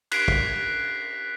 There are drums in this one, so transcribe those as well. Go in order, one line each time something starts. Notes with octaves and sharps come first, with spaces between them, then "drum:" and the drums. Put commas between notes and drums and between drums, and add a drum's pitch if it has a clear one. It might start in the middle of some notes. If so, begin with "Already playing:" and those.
F#6 B6 C7 D7, drum: cymbal
drum: kick